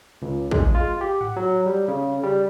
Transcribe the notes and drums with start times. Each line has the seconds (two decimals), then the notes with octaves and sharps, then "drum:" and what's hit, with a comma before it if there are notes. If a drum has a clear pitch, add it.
0.22 C#2
0.51 G#3, drum: kick
0.75 F4
1.01 G4
1.21 F#5, drum: tom G#2
1.36 F#3
1.66 G3
1.88 C#3
2.23 G3